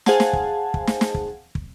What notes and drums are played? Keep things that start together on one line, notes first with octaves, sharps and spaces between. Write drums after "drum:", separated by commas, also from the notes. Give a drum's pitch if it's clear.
G#4 C5 F5 F#5 G#5 A5, drum: snare
drum: snare
drum: kick
drum: kick
drum: snare
drum: snare
drum: kick
drum: kick